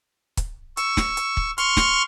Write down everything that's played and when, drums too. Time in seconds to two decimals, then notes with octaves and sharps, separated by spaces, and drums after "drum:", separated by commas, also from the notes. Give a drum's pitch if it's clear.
0.37 drum: kick, hi-hat
0.77 C#6 E6, drum: hi-hat
0.97 drum: snare
1.17 drum: hi-hat
1.37 drum: kick
1.58 C6 C#6 F6, drum: hi-hat
1.77 drum: snare